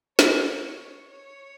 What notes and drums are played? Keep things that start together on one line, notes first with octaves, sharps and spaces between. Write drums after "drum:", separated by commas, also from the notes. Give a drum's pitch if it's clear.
C#5, drum: snare
C#5